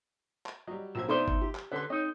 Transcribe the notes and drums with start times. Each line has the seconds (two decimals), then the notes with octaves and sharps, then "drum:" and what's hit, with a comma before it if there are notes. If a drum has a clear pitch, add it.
0.46 drum: clap
0.67 F#3 G3 D#5
0.95 A#1 F#3 C5 E6 G#6
1.08 B2 A3 D4 D#4 C5 E5 C6 D6
1.28 drum: kick G1
1.41 F3 G4
1.55 drum: clap
1.72 D3 C#4 G4 A4 B4 F#5 C6
1.90 C4 D#4 C#5 D#5